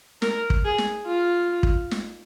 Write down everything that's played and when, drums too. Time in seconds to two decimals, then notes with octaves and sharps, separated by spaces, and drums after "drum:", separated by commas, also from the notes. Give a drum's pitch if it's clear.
0.22 A#4, drum: snare
0.50 drum: kick
0.65 G#4
0.78 drum: snare
1.06 F4
1.63 drum: kick
1.91 drum: snare